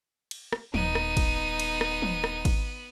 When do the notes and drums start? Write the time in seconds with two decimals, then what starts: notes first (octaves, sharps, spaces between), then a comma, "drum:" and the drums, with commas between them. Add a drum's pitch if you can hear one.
0.31 drum: cymbal
0.53 drum: rim click
0.74 D#1 B3 D#4 D#7, drum: tom
0.95 drum: rim click
1.17 drum: kick G#1, cymbal
1.60 drum: cymbal
1.81 drum: rim click
2.02 drum: tom
2.24 drum: rim click
2.45 drum: kick G#1, cymbal